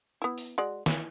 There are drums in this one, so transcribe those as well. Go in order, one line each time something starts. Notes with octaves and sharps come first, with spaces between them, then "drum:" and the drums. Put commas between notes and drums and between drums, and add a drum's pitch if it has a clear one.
B3 E4
drum: open hi-hat
G#3 F#4 D5
E3, drum: snare